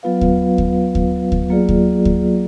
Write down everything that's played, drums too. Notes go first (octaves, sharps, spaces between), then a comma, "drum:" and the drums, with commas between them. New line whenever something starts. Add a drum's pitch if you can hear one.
F#3 B3 F4 B4 F5
drum: kick D2
drum: kick D2
drum: kick D2
drum: kick D2
F#3 A#3 F4 G#4 D5
drum: kick D2
drum: kick D2